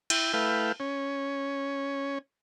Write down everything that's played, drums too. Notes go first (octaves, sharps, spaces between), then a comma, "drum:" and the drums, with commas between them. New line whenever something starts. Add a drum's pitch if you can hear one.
E4 G5, drum: cymbal
A3 E4 B4 F5 G5
C#4